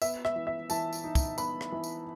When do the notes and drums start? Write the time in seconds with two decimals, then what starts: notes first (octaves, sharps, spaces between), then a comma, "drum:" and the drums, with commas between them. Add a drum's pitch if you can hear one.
0.02 B3 E5, drum: tambourine
0.25 E5, drum: rim click
0.36 E3
0.47 E5
0.70 E3 A5, drum: tambourine
0.93 drum: tambourine
1.04 D#4
1.15 drum: kick, tambourine
1.38 B3 B5, drum: tambourine
1.61 drum: rim click
1.72 E3
1.84 drum: tambourine